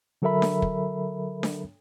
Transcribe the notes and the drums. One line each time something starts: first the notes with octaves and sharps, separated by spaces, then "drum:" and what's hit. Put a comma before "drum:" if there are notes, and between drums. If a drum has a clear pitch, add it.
D3 F#3 A4 A#4 E5 B5
drum: snare D4
drum: kick
drum: snare D4